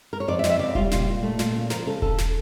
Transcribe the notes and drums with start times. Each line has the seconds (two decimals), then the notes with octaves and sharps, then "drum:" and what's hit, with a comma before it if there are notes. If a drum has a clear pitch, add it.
0.13 A#4
0.20 C#5
0.28 F2 D5
0.39 E5
0.44 F2, drum: snare
0.50 E5
0.59 C#3 D5
0.75 G3 F4, drum: kick E1
0.91 A#2 F4, drum: snare
1.08 A#2
1.23 A3
1.39 A#2 F4, drum: snare
1.55 C#3
1.70 F3 A#4, drum: snare
1.87 C#3 A4
2.02 C#3 A4, drum: kick E1
2.18 drum: snare